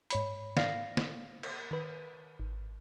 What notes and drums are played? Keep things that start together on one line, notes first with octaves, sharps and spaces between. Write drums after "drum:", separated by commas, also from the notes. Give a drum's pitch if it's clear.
G#2 C#5 B5, drum: hi-hat
D5 F5 F6 A6 A#6 C7, drum: snare
drum: snare
drum: cymbal
D#3 B4
G#1